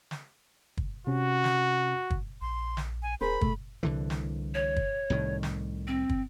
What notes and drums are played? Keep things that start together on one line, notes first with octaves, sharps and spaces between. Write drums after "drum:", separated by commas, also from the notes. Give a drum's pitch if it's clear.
drum: snare
drum: kick
C3 C#4 F#4
drum: snare
drum: kick
A#1 C6
drum: snare
G#5
D#1 G#4 A#4 C5 B5
B2 A3, drum: kick
C2 D3 E3
drum: snare
C#5
drum: kick
C2 A2 D#3
drum: snare
C4
drum: kick